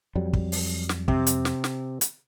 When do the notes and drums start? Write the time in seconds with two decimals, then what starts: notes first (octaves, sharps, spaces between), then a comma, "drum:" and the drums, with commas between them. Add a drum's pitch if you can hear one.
0.15 F2 F#3 G3
0.33 drum: kick
0.52 drum: open hi-hat
0.89 drum: snare
1.08 C3 C4, drum: kick
1.27 drum: hi-hat
1.45 drum: snare
1.64 drum: snare
2.01 drum: hi-hat